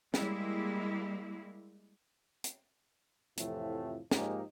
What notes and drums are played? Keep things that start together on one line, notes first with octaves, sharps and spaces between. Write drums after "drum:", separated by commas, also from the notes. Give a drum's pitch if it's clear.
G3 G#3 A#3 E4, drum: snare
drum: hi-hat
F2 A2 C3 E3 F3 A3, drum: hi-hat
G#2 F3 G#3 A#3 D#4 G4, drum: snare